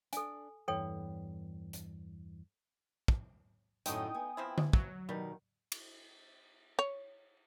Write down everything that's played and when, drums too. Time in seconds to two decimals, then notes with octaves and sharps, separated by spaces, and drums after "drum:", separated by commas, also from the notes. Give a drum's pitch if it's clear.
0.13 D4 A4 G#5, drum: hi-hat
0.68 E2 G2 E3 A4 C#5 G5
1.73 drum: hi-hat
3.08 drum: kick
3.86 F#2 A2 D3 G#3 A3 D#4 G5 D#6, drum: hi-hat
4.14 B3 G#5
4.37 F3 C4 E4
4.58 drum: tom D3
4.73 F#3, drum: kick
5.09 B2 D#3 G3
5.72 drum: cymbal
6.79 C#5